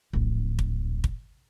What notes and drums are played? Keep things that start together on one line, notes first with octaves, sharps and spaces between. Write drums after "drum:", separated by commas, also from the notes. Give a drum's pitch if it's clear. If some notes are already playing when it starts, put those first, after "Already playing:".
D1 A#1
drum: kick
drum: kick